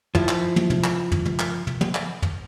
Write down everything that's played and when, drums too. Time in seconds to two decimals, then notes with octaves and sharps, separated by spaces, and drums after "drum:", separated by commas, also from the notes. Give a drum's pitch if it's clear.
0.15 F3 E4, drum: tom
0.29 drum: clap
0.56 drum: tom
0.70 drum: tom
0.84 drum: clap
1.12 drum: tom
1.25 drum: tom
1.39 drum: clap
1.67 drum: tom
1.81 drum: tom
1.95 drum: clap
2.22 drum: tom